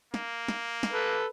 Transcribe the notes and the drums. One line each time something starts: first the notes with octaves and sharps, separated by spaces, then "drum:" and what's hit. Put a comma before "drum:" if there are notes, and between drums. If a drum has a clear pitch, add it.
A#3, drum: snare
drum: snare
drum: snare
A4 B4